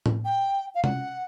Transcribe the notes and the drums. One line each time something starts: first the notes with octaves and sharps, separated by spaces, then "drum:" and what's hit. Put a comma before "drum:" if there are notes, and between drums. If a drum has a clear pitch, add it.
drum: tom A2
G5
F5
F#5, drum: tom C3